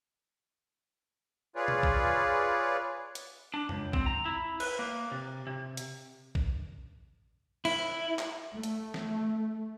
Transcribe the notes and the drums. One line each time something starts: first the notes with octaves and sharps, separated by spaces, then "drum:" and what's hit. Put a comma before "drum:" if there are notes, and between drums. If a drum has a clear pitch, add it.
F4 G#4 B4 C#5 D5
drum: tom B2
drum: kick
drum: hi-hat
D4
C#2, drum: tom F2
C4, drum: kick
A#5
E4
B4, drum: cymbal
A#3
C3
C3
drum: hi-hat
drum: kick
E4, drum: cymbal
drum: clap
A3
drum: hi-hat
drum: snare